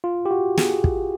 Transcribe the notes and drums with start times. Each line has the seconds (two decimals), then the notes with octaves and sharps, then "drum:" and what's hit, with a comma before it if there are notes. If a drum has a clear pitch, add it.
0.04 F4
0.26 G4
0.31 F#4
0.57 G#4, drum: snare
0.84 drum: kick